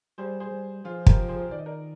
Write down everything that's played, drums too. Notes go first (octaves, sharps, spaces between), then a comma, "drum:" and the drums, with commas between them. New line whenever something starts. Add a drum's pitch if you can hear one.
G3 G#4 C5
G#4 C5
G3
F3 F4 G#4
G4 A#4, drum: kick
G#4 C5
D#3 D5
D#5
A#4 D5